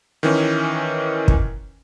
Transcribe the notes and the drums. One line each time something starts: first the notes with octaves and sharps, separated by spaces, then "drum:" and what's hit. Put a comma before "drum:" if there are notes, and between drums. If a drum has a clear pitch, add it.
D#3 E3 C#4
drum: kick